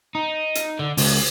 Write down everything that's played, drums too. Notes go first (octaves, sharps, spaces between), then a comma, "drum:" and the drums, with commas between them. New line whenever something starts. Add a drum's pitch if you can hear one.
D#4
drum: hi-hat
D3
C#2, drum: open hi-hat